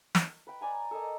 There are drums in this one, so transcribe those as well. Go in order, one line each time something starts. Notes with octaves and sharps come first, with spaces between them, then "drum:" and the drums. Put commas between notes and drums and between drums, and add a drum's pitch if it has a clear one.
drum: snare
B4 G5
D5 G#5 A#5
A4 A#4 D#5